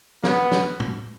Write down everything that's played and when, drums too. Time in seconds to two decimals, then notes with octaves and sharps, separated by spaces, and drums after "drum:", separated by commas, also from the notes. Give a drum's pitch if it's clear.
0.24 B3, drum: snare
0.51 drum: snare
0.80 drum: tom